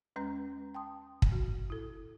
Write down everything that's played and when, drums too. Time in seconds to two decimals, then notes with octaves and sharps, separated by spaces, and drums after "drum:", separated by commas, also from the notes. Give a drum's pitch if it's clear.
0.16 D#2 G#3 C#4 B4 A#5 G6
0.75 G5 A5 C6 D#6
1.22 drum: kick
1.32 F#4
1.70 E4 A4